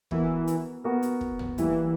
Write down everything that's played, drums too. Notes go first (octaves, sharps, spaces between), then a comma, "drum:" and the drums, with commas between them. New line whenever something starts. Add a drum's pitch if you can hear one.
E3 B3 F#4 A#4, drum: kick
drum: hi-hat
B3 F#4 A#4
drum: hi-hat
drum: kick
drum: tom
E3 G3 A#3 E4, drum: kick, hi-hat